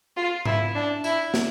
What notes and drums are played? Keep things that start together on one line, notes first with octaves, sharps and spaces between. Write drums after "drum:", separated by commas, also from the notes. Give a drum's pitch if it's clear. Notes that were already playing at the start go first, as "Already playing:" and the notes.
F4
E4, drum: tom G#2
D4
E4, drum: tambourine
drum: snare